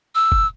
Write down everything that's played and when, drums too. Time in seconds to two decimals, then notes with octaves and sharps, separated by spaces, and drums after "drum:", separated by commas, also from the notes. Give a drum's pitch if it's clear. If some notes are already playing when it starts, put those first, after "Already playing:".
0.15 E6
0.32 drum: kick